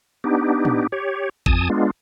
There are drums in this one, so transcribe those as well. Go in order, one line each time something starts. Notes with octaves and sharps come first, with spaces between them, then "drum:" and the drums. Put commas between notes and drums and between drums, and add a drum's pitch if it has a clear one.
B3 D4 D#4 G4
drum: tom
G4 C#5
F2 G#5 A5 D#6, drum: kick G#1
G#3 B3 D4 F4